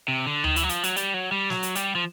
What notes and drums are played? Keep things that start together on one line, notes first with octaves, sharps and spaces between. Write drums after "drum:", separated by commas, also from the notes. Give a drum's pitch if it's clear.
C3
D3
D#3, drum: tom D2
E3, drum: hi-hat
F#3
F3, drum: hi-hat
F#3, drum: hi-hat
G3, drum: hi-hat
F#3
G3
F#3, drum: snare
drum: hi-hat
G3, drum: hi-hat
F3